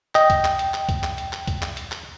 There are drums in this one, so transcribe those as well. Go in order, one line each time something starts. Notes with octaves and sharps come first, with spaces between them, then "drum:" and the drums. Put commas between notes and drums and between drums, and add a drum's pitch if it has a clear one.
D#5 G5, drum: clap
drum: kick C2, hi-hat
drum: clap
drum: hi-hat
drum: clap
drum: kick C2, hi-hat
drum: clap
drum: hi-hat
drum: clap
drum: kick C2, hi-hat
drum: clap
drum: hi-hat
drum: clap